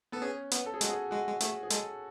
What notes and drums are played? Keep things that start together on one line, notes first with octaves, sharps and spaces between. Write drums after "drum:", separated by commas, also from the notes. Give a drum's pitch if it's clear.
B3 A4
C#4 G#4
B3, drum: hi-hat
A4
G#4
G#3 F#4, drum: hi-hat
G#4
G#3 F#4
G#3
A3 G#4, drum: hi-hat
G#4
G#3 A4, drum: hi-hat